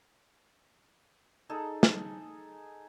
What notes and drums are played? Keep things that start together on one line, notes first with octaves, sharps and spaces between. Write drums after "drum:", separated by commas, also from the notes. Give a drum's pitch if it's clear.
D#4 G#4 A4
drum: snare